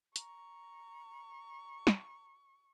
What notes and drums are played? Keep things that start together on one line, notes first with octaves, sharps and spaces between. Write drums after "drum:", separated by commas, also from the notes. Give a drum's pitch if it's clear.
A#5 C#6, drum: hi-hat
drum: snare